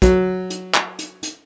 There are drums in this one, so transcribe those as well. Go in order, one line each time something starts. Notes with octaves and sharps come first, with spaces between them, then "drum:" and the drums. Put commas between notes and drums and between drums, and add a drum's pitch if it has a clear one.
F#3, drum: kick, hi-hat
drum: hi-hat
drum: clap
drum: hi-hat
drum: hi-hat